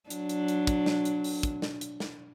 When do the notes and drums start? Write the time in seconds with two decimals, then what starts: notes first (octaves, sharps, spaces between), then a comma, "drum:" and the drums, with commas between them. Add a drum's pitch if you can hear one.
0.10 F#3 D4, drum: hi-hat
0.29 drum: hi-hat
0.48 drum: hi-hat
0.67 drum: kick, hi-hat
0.86 drum: snare
1.05 drum: hi-hat
1.24 drum: open hi-hat
1.43 drum: kick, hi-hat
1.62 drum: snare
1.81 drum: hi-hat
2.00 drum: snare